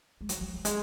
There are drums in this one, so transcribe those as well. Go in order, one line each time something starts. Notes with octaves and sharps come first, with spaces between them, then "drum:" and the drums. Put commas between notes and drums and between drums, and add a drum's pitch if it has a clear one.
G#3
F#3, drum: hi-hat
F#3
F#3
G#3, drum: hi-hat